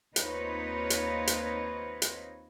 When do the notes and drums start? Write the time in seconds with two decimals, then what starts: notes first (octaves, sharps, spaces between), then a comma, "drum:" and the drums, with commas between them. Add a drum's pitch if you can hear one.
0.16 D#2 C4 D#4 F4 B4 C#5, drum: hi-hat
0.90 drum: hi-hat
1.27 drum: hi-hat
2.02 drum: hi-hat